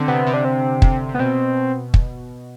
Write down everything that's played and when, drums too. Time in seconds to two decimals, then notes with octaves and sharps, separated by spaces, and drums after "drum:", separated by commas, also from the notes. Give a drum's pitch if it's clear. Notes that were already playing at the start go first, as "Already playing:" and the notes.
Already playing: D3 C4
0.08 C3 B3
0.27 C3
0.34 D4
0.45 C4
0.82 C3, drum: kick
1.09 C3
1.14 B3
1.19 B2 C4
1.94 drum: kick